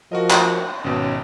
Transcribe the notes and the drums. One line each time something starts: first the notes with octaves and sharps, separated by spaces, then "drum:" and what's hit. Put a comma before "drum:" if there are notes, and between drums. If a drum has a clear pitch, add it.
F3 F#4 A#4 D#5
drum: clap
G#1 B2 C#4